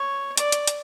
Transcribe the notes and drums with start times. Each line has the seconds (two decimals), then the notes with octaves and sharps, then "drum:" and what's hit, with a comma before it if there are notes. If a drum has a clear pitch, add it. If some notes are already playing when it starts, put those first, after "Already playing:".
Already playing: C#5
0.37 D5, drum: hi-hat
0.52 drum: hi-hat
0.67 drum: hi-hat